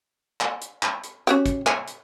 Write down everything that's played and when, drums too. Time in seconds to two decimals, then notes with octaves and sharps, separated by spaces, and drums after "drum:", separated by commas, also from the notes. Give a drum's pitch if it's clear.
0.41 drum: clap
0.62 drum: hi-hat
0.83 drum: clap
1.04 drum: hi-hat
1.27 C#4 F#4 G4, drum: hi-hat
1.46 drum: kick A1, hi-hat
1.67 G#5, drum: clap
1.88 drum: hi-hat